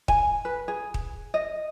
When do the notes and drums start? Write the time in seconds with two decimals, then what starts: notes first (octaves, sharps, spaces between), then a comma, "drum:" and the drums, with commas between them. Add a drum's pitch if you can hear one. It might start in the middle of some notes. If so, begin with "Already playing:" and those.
0.08 G#5, drum: kick
0.45 B4
0.68 G#4
0.94 drum: kick
1.34 D#5